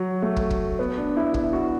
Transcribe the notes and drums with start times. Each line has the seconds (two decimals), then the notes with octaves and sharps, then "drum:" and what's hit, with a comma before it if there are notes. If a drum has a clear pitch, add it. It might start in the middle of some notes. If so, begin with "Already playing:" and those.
Already playing: F#3
0.22 A3
0.36 drum: kick
0.50 drum: kick
0.79 B3
0.97 D4
1.16 E4
1.34 E4, drum: kick
1.53 F#4